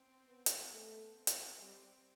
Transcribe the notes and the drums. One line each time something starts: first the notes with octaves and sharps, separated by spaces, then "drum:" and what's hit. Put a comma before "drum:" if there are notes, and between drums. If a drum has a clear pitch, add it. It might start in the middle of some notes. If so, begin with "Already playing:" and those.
Already playing: C4
B3
drum: hi-hat
A3 B3
C4
drum: hi-hat
G3